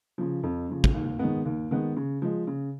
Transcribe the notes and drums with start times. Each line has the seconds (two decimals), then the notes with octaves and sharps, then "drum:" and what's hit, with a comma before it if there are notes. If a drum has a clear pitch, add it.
0.18 C#3 F3
0.43 F2
0.69 C#3 F3
0.84 drum: kick
0.94 D#2
1.19 D#3 G#3 B3
1.45 D#2
1.71 D#3 G#3 B3
1.96 C#3
2.22 F3 G#3
2.47 C#3